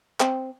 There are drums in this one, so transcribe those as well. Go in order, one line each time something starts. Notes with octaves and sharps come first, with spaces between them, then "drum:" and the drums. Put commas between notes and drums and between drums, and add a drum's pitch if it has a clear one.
C4, drum: clap